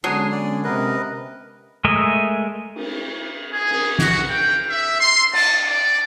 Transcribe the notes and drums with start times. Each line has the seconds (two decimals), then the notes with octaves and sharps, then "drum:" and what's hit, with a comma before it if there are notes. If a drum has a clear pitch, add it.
0.04 D3 F#3 G#3 B3 C#4 D4 G#4
0.32 D5
0.64 C3 A#4 B4 D#5
1.85 G#3 A3 A#4 D#5 E5
2.76 drum: cymbal
3.53 G#4
3.71 drum: cymbal
3.99 F#4, drum: snare
4.29 G5
4.69 E5
4.99 C6
5.33 A5, drum: cymbal
5.67 D5